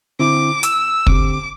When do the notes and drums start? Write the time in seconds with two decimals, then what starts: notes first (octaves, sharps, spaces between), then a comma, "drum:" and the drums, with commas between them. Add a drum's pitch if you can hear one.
0.20 D3 C4 E4 D6
0.63 E6, drum: hi-hat
1.07 D3 C4 G4 D6, drum: kick